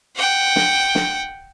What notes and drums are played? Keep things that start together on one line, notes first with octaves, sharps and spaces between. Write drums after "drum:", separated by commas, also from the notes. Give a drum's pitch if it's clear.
F#5 G5
drum: snare
drum: snare